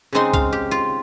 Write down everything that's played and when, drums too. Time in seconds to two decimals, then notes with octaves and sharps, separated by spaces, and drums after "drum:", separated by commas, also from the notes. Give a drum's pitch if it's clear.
0.13 C#3 G#3 C4 D#4 C6
0.33 F5, drum: kick C2
0.53 G4
0.71 F4